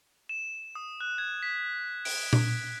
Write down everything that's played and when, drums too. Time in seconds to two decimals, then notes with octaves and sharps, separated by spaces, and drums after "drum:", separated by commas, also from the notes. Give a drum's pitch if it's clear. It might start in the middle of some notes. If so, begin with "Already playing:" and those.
0.29 E7
0.75 D#6
1.01 F#6
1.18 G#6
1.43 B6
2.05 D7, drum: open hi-hat
2.33 drum: tom A#2